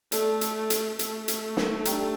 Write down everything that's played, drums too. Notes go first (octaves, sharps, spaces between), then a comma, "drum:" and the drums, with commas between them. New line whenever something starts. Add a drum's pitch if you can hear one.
A3 A4 D5 A5, drum: hi-hat
drum: hi-hat
drum: hi-hat
A3, drum: hi-hat
drum: hi-hat
drum: snare
D4 G4 D5 G5 A#5, drum: hi-hat